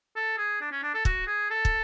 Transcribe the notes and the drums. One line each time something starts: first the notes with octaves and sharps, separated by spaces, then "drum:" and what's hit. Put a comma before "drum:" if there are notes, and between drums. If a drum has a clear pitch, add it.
A4
G#4
D4
C#4
D4
A4
F#4, drum: kick
G#4
A4
drum: kick